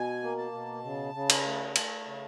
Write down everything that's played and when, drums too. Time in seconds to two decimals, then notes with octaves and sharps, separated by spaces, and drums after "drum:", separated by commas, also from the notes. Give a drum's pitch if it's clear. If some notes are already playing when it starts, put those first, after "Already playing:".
Already playing: B2 G#5
0.23 A#3
0.38 A5
0.52 B2
0.84 C#3
1.14 C#3
1.30 drum: cymbal
1.45 A3
1.76 A3, drum: cymbal
2.06 C#3